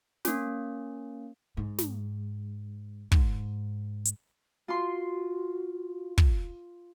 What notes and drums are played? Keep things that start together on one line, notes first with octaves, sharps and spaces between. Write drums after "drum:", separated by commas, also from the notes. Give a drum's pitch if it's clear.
A#3 C#4, drum: snare
G#2
drum: snare
G#2, drum: kick
drum: hi-hat
F4 F#4 C6
drum: kick